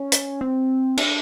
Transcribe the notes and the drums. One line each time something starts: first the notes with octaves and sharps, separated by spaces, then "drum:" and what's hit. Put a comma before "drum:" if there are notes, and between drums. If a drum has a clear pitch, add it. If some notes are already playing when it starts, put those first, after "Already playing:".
Already playing: C#4
drum: hi-hat
C4
D4, drum: cymbal